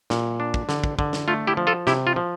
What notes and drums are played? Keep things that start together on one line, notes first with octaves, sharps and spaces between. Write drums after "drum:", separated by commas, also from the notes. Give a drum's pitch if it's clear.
A#2, drum: snare
D4
drum: kick
D3, drum: snare
drum: kick
D3, drum: kick
drum: snare
A3 F4
E4 G4
F3
F4 A4
C3 E4 G4, drum: snare
F4
F3